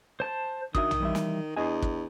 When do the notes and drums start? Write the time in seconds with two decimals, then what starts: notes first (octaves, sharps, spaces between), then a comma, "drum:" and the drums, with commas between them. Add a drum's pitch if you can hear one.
0.20 C5 A5
0.75 D#3 D4 F#4 E5 D#6, drum: kick
0.91 drum: tom A#1
1.00 E3 G3 E5
1.15 drum: snare
1.56 E2 D4 D#5 G#5
1.82 drum: kick